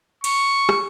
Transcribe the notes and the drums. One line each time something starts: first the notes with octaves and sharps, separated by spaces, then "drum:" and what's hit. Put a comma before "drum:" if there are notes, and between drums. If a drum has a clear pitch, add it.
C#6, drum: cymbal
drum: rim click